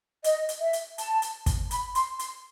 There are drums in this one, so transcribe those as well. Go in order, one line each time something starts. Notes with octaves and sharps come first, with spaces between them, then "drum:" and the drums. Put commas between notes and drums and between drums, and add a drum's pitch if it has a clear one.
D#5, drum: hi-hat
drum: hi-hat
E5
drum: hi-hat
A5, drum: hi-hat
drum: hi-hat
drum: kick, hi-hat
B5, drum: hi-hat
C6, drum: hi-hat
C6, drum: hi-hat